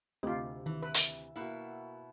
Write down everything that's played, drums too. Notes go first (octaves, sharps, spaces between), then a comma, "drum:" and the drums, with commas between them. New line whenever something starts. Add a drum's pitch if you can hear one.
D2 C3 A3 C4 F4 G4 D#5
D#3 E3
E4 B4
drum: hi-hat
B2 A#3 E4 F#4